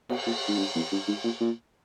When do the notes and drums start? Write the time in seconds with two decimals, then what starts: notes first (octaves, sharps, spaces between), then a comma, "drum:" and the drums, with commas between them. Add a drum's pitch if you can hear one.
0.09 B2, drum: cymbal
0.26 A#2
0.48 G#2
0.58 G2
0.75 E2
0.92 G2
1.08 G#2
1.24 A#2
1.40 A#2